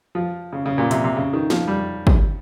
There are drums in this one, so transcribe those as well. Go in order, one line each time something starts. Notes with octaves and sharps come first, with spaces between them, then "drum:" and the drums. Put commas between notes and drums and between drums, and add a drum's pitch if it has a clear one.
F3
C#3
C#3
A#2
C3, drum: hi-hat
C3
C#3
D#3
F3, drum: snare
G3
drum: kick